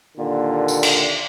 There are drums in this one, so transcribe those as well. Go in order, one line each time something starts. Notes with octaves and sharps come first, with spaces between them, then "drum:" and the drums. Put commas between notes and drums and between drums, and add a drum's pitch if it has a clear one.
D#2 A#2 D3
drum: tambourine
drum: cymbal